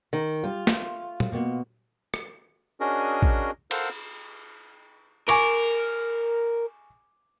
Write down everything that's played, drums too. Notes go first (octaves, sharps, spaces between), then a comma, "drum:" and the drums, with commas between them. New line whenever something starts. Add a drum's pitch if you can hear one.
D#3
G3 F4
A3, drum: snare
drum: tom
B2 A#3 B3
drum: rim click
C#4 D4 F#4 G#4 A#4 D#5
drum: kick A1
A4 A#4 C5 F5 F#5, drum: cymbal
A#4 G#5 C#6 D6, drum: cymbal